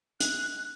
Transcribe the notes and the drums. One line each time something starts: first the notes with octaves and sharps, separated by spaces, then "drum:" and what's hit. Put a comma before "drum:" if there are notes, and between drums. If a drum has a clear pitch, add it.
F#6, drum: hi-hat
F#6